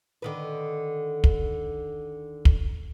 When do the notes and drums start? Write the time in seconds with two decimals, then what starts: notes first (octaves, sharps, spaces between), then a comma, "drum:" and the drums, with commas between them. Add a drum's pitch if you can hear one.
0.22 D3 D#3 B4
1.24 drum: kick
2.45 drum: kick